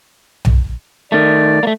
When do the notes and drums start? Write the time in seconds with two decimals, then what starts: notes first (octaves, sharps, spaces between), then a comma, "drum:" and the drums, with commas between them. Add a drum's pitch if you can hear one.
0.45 drum: tom B1
1.12 D#3 A3 D5
1.63 A3 A#3